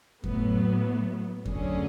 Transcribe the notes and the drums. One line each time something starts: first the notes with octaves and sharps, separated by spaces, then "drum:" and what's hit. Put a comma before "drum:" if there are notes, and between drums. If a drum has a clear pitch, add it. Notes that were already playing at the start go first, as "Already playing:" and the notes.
A2 F#3 B3, drum: kick F2
D2 D3 F#3 C#4 G#4, drum: kick F2